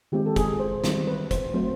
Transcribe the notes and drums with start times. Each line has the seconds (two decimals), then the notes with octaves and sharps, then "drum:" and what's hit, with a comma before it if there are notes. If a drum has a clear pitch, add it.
0.12 D#3 G#3 C4 G4
0.26 A4
0.36 G#4, drum: kick, hi-hat
0.60 C5
0.84 D#3 G3 C4 C5, drum: snare
1.07 B4
1.31 C5, drum: kick, hi-hat
1.54 F#3 A3 C4 C5